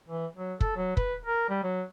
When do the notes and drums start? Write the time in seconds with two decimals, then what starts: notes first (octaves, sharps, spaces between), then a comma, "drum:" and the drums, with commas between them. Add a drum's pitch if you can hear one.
0.09 E3
0.37 F#3
0.60 A4, drum: kick
0.76 F#3
0.97 B4, drum: kick
1.26 A#4
1.50 G3
1.64 F#3